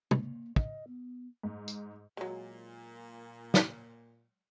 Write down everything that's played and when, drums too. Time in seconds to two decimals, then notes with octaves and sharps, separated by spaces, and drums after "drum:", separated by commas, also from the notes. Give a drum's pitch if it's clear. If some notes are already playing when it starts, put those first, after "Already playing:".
0.11 A#3, drum: tom
0.56 D#5, drum: kick
0.87 B3
1.43 G#2
1.68 drum: tambourine
2.17 A#2 F#3 G#3
3.54 drum: snare